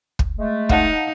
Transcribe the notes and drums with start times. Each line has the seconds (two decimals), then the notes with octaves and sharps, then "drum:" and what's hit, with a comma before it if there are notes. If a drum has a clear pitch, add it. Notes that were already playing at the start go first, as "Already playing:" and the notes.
0.19 drum: kick
0.39 G#3 A3
0.69 D#4 F5 F#5 A5, drum: kick